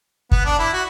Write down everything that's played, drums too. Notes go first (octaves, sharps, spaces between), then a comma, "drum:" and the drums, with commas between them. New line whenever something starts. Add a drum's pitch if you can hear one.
B3, drum: kick
D4
E4
F#4